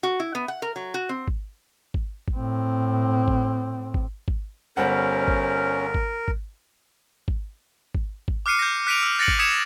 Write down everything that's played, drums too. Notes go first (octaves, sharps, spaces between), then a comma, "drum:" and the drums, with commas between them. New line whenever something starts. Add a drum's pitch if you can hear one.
F#4
E4
B3
F#5
A#4
F#3
F#4
C4
drum: kick G#1
drum: kick G#1
drum: kick G#1
A2 C4
drum: kick G#1
drum: kick G#1
drum: kick G#1
G1 G3 C#4 A#4 C5 F#5
drum: kick G#1
drum: kick G#1
drum: kick G#1
drum: kick G#1
drum: kick G#1
drum: kick G#1
D6 F6 F#6 C7 C#7 D#7
G6 A#6
F#6 B6 D7 D#7 F7
E6
F#6 A6 A#6 C#7 D7 F#7
drum: kick G#1
D#6 G#6 B6 C#7 E7 F7